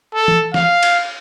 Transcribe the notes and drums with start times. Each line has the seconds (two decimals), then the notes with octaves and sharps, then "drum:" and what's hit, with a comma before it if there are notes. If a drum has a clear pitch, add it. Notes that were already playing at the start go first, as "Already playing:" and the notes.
0.14 A4
0.28 drum: tom
0.54 F5, drum: snare
0.83 drum: cymbal